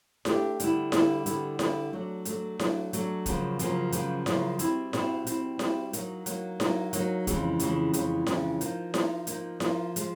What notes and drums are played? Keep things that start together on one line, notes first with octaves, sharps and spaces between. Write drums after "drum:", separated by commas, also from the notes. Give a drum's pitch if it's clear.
A3 D4 G4, drum: snare E4
D3 G3 B3 E4, drum: hi-hat
D3 G3 B3 E4, drum: snare E4
D3 G3 B3 E4, drum: hi-hat
D3 G3 B3 E4, drum: snare E4
F#3 A3 D4
F#3 A3 D4, drum: hi-hat
F#3 A3 D4, drum: snare E4
F#3 A3 D4, drum: hi-hat
F#2 C#3 F3 A#3, drum: kick, hi-hat
F#2 C#3 F3 A#3, drum: hi-hat
F#2 C#3 F3 A#3, drum: hi-hat
F#2 C#3 F3 A#3, drum: snare E4
B2 G3 C4 E4, drum: hi-hat
B2 G3 C4 E4, drum: snare E4
B2 G3 C4 E4, drum: hi-hat
B2 G3 C4 E4, drum: snare E4
F#3 A#3 D#4, drum: hi-hat
F#3 A#3 D#4, drum: hi-hat
F#3 A#3 D#4, drum: snare E4
F#3 A#3 D#4, drum: hi-hat
F2 C#3 E3 G#3 C#4, drum: kick, hi-hat
F2 C#3 E3 G#3 C#4, drum: hi-hat
F2 C#3 E3 G#3 C#4, drum: hi-hat
F2 C#3 E3 G#3 C#4, drum: snare E4
F3 A#3 D#4, drum: hi-hat
F3 A#3 D#4, drum: snare E4
F3 A#3 D#4, drum: hi-hat
F3 A#3 D#4, drum: snare E4
F3 G#3, drum: hi-hat